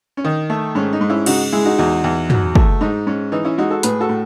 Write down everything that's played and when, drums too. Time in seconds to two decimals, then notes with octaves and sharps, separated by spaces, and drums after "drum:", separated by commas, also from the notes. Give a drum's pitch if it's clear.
0.17 C#4
0.24 D#3 D#4
0.50 A3
0.75 G#2 C#4
0.93 D#4
1.01 G#2
1.10 C#4 E4
1.26 C#3 D#4 F#4, drum: cymbal
1.52 G#3 E4 G#4
1.65 D#4 F#4
1.78 E2 D#4 F#4
2.04 E2
2.30 F#3, drum: tom
2.55 A3, drum: kick
2.81 G#2 D#4
3.07 G#2 C#4
3.32 E3 D#4
3.45 C#4 E4
3.58 G#3 D#4 F#4
3.70 F#4 A4
3.83 A2 G#4 B4, drum: hi-hat
4.00 F#4 A4
4.09 A2